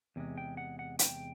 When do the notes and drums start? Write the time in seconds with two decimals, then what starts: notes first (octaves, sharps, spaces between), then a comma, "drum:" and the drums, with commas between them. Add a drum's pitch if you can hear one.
0.16 E2 C3 G#3
0.38 G5
0.57 F#5
0.79 F#5
0.99 G5, drum: hi-hat